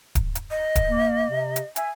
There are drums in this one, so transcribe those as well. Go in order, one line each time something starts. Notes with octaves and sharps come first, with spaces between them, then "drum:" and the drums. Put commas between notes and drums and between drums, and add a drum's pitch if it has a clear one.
drum: kick D1, hi-hat
drum: hi-hat
D#5
drum: kick D1, hi-hat
A#3
C3
drum: hi-hat
E5 G#5, drum: hi-hat